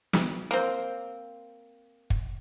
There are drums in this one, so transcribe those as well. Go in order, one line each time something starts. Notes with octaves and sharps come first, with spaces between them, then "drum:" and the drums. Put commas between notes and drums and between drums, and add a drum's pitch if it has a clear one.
drum: snare
A#3 C4
drum: kick